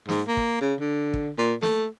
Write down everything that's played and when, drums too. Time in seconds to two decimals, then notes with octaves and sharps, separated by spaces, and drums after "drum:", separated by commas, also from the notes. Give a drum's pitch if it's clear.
0.09 G#2, drum: snare
0.28 A#3
0.37 drum: kick
0.61 C#3
0.80 D3
1.14 drum: kick
1.38 A#2
1.62 A3, drum: snare